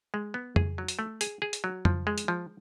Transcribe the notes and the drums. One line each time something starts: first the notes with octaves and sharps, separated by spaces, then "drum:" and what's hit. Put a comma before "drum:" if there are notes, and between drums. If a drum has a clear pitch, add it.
G#3
B3
G#4, drum: tom F2
F#3
drum: hi-hat
A3
G#4, drum: hi-hat
G#4
drum: hi-hat
F#3
F3, drum: tom F2
G#3
drum: hi-hat
F3